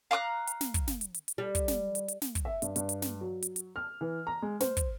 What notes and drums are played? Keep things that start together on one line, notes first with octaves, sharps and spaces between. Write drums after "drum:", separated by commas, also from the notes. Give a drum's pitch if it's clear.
F5 A#5 D6 F#6
drum: hi-hat
drum: snare
drum: kick, hi-hat
drum: snare
drum: hi-hat
drum: hi-hat
drum: hi-hat
G3
drum: kick, hi-hat
drum: snare
drum: hi-hat
drum: hi-hat
drum: snare
drum: kick, hi-hat
E5
G2, drum: hi-hat
G2, drum: hi-hat
drum: hi-hat
drum: snare
F#3
drum: hi-hat
drum: hi-hat
F6
E3
A#5
G#3
C5, drum: snare
drum: kick, hi-hat